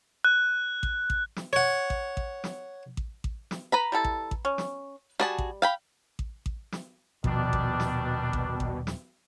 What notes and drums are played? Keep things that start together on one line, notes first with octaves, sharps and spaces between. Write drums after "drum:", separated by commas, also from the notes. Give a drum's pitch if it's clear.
F#6
drum: kick A1
drum: kick A1
drum: snare
C#5 F#5
drum: kick A1
drum: kick A1
drum: snare
drum: kick A1
drum: kick A1
drum: snare
B4 A#5 B5
G3 E4 A4
drum: kick A1
drum: kick A1
C#4
drum: snare
G3 F#4 G#4 A5
drum: kick A1
F5 G5 B5
drum: kick A1
drum: kick A1
drum: snare
D#1 B2 D#3 F3 G3 D4, drum: kick A1
drum: kick A1
drum: snare
drum: kick A1
drum: kick A1
drum: snare